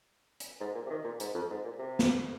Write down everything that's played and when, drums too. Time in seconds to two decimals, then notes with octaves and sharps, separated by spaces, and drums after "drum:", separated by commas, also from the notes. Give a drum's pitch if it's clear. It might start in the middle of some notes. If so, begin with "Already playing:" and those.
0.40 drum: hi-hat
0.60 G#2
0.75 A#2
0.86 C3
0.90 D#3
1.04 A#2
1.20 G#2, drum: hi-hat
1.35 F2
1.50 G#2
1.64 A#2
1.79 C3
1.99 drum: snare